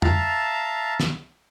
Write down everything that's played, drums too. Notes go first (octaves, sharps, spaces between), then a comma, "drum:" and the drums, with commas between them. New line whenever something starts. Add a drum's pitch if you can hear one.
E5 F5 A5 A#5, drum: tom
drum: snare